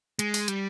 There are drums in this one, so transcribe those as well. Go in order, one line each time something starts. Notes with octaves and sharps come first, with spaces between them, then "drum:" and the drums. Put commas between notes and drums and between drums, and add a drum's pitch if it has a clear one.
G#3, drum: hi-hat
drum: open hi-hat
G3, drum: hi-hat